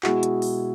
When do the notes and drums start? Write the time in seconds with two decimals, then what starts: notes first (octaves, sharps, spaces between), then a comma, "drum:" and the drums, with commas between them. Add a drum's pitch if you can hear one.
0.03 B2 G#3 E4 F#4 G#4, drum: clap
0.23 drum: hi-hat
0.42 drum: open hi-hat